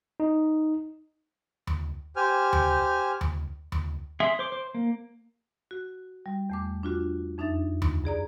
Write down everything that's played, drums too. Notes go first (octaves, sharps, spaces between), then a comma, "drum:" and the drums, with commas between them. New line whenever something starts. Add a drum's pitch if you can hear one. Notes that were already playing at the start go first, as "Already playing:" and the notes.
D#4
drum: tom D#2
G4 C5 G#5 F6
drum: tom D#2
drum: tom D#2
drum: tom D#2
G#4 E5 C6
C5 D6
C5
A#3
F#4
G3
E2 A3 D6
D4 F4 F#4
F2 D4 D#4 E5 A6
drum: tom D#2
G2 G#4 D5 A#5